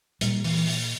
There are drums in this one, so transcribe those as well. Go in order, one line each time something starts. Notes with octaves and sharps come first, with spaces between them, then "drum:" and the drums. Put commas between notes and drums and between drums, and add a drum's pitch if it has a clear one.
A#2 G3, drum: hi-hat
E3, drum: open hi-hat
drum: open hi-hat